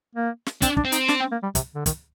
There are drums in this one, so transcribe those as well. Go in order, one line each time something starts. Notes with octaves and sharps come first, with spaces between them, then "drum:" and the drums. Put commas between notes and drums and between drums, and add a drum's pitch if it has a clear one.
A#3
drum: snare
C4 D4, drum: kick, hi-hat
D4, drum: kick
C4
D#4, drum: hi-hat
D4, drum: snare
C4
A#3
G3
C3, drum: kick, hi-hat
D3
D#3, drum: kick, hi-hat